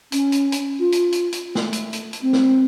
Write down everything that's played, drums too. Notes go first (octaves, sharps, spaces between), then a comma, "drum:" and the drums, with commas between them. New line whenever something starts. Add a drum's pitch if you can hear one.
C#4, drum: hi-hat
drum: hi-hat
drum: hi-hat
F4
drum: hi-hat
drum: hi-hat
drum: hi-hat
A3, drum: snare
drum: hi-hat
drum: hi-hat
drum: hi-hat
C4
drum: snare